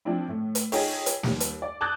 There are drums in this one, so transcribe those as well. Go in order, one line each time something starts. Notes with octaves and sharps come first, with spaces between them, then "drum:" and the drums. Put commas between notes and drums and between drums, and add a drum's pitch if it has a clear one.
F3 C4 D4 E4
A2 A3
drum: hi-hat
D#4 F4 G#4 A4 C#5 G5, drum: open hi-hat
drum: hi-hat
D#2 G3, drum: snare
drum: hi-hat
D5
A5 D6 D#6 F#6 G6 A6